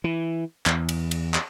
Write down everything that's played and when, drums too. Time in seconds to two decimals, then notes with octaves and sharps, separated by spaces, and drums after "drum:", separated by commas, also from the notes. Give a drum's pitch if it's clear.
0.04 E3
0.66 E2, drum: clap
0.89 drum: cymbal
1.11 drum: cymbal
1.34 drum: clap